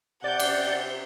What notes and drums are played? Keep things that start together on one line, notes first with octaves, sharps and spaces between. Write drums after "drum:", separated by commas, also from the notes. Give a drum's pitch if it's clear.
C3 D5 F#5 G6
drum: cymbal